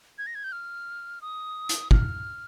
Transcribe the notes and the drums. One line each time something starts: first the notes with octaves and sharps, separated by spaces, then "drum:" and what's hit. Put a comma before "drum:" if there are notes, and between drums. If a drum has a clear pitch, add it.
G#6
A#6
G#6
G6
F6
D#6
drum: hi-hat
F6, drum: kick